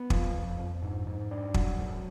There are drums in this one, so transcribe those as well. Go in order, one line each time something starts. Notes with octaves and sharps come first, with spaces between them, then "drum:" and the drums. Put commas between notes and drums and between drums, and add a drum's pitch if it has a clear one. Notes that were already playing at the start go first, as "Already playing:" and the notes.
Already playing: B3
F3, drum: kick
F2
F2
G#2
G#2
D4
F#3, drum: kick
G#2